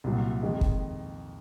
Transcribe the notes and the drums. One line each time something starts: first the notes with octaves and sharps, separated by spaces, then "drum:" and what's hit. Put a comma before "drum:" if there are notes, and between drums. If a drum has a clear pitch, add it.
C2 A#2 F#3
F2 D#3 G#3
drum: kick